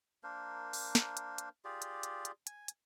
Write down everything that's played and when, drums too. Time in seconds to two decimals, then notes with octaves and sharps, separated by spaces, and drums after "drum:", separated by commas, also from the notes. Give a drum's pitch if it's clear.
0.23 A#3 D4 A#4 C5
0.73 drum: open hi-hat
0.95 drum: snare
1.17 drum: hi-hat
1.38 drum: hi-hat
1.65 F4 G4 G#4 D5
1.82 drum: hi-hat
2.03 drum: hi-hat
2.25 drum: hi-hat
2.47 G#5, drum: hi-hat
2.68 drum: hi-hat